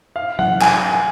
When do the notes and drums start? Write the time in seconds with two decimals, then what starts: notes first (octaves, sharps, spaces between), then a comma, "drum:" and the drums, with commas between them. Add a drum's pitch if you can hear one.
0.16 F5
0.39 F#5, drum: tom F#3
0.62 G#5, drum: clap